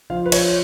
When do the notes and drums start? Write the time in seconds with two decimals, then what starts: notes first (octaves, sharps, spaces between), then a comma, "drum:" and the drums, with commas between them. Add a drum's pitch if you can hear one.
0.10 F3 F5
0.26 B4
0.32 F3 C#5, drum: cymbal